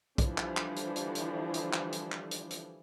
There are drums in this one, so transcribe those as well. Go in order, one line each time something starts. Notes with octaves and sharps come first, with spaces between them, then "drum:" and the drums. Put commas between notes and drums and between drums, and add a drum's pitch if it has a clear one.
D3 E3 F3 G3 D4, drum: kick, hi-hat
drum: clap
drum: clap
drum: hi-hat
drum: hi-hat
drum: hi-hat
drum: hi-hat
drum: clap
drum: hi-hat
drum: clap
drum: hi-hat
drum: hi-hat